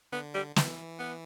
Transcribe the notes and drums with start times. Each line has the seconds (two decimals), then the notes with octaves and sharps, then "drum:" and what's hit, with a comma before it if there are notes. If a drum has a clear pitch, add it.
0.12 D3 B3
0.34 G3
0.56 E3, drum: snare
0.99 B3